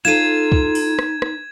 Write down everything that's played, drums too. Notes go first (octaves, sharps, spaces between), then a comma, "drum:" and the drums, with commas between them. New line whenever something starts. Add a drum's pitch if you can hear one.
D#4 F4 A4 C5 G#6 D#7 E7
drum: kick
drum: open hi-hat
drum: rim click
drum: rim click